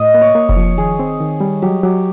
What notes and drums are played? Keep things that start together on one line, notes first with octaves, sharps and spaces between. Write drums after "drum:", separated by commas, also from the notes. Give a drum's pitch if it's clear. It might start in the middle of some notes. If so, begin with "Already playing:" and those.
Already playing: A2 D#5
A#3
C#5
A#3
C#5, drum: kick F1
F3
D#3 G#4
C4
D#3
G3
F#3 G4
F#3 G4